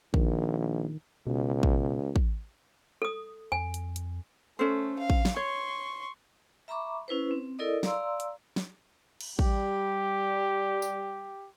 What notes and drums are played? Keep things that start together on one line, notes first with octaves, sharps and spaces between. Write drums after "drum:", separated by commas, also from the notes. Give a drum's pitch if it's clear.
A#1 D#3, drum: kick
C#2 B2
drum: kick
drum: kick
A4 D#6
F2 G#5
drum: hi-hat
drum: hi-hat
A3 C#4 A4 C5
F5
drum: kick
drum: snare
C#5 C6 C#6
E5 A#5 B5 C#6 D6
C#4 E4 B4 C5
C4
E4 A4 A#4 D5 D#5 D#6
D5 F5 A#5 C6 E6, drum: snare
drum: hi-hat
drum: snare
drum: cymbal
G3 G4, drum: kick
drum: tambourine